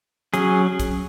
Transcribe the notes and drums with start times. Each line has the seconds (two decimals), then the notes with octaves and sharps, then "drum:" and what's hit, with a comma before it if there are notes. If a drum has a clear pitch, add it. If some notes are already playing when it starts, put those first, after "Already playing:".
0.34 F#3 C#4 G#4, drum: hi-hat
0.80 drum: kick, hi-hat